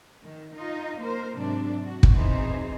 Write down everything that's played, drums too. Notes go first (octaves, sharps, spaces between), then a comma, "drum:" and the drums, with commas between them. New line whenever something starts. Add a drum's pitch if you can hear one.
D#3
D#4 F4 D#5
A#3 A#4 C5
G#2 C3 F#3 D4
F#4
drum: kick
E2 E3 C4 D#4 G#4 C5